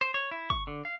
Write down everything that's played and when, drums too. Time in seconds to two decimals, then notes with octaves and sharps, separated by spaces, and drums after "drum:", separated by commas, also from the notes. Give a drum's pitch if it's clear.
0.01 C5
0.14 C#5
0.31 E4
0.50 C#6, drum: kick
0.67 D3
0.85 F5